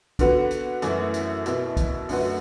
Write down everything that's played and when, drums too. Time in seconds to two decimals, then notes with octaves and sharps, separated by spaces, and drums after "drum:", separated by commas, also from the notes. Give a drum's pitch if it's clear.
0.19 D3 B3 F#4 B4, drum: kick B1, hi-hat
0.51 drum: hi-hat
0.82 F#2 E3 A3 E4, drum: hi-hat
1.14 drum: hi-hat
1.46 B2 B3 E4, drum: hi-hat
1.77 drum: kick B1, hi-hat
2.09 F#2 D3 A3 F#4 B4, drum: open hi-hat